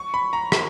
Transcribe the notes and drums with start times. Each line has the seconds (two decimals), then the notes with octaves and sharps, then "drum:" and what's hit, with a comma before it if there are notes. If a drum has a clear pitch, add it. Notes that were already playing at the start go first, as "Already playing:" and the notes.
Already playing: C#6
0.14 B5
0.33 A#5
0.52 drum: rim click